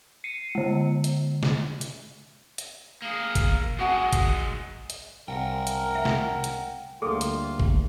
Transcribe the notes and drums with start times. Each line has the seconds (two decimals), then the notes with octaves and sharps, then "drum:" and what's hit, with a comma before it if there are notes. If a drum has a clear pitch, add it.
0.24 C7 C#7 D#7
0.55 D3 G#3
1.04 drum: hi-hat
1.43 drum: snare
1.81 drum: hi-hat
2.58 drum: hi-hat
3.02 A#3 G#4
3.35 drum: kick G1, hi-hat
3.79 F#3 G#3 F#4 F#5 G#5
4.13 drum: kick G1, hi-hat
4.90 drum: hi-hat
5.28 C2 A#4 F#5 G5
5.67 drum: hi-hat
5.95 E5
6.05 drum: snare
6.44 drum: hi-hat
7.02 D2 G3 A#3 F4 G#4 A4
7.21 drum: hi-hat
7.60 drum: kick G1